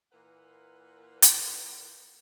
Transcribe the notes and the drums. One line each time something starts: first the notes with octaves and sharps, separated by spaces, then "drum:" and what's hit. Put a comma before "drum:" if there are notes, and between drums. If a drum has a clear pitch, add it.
A#2 E3 A#3 A#4 B4 F#5
drum: hi-hat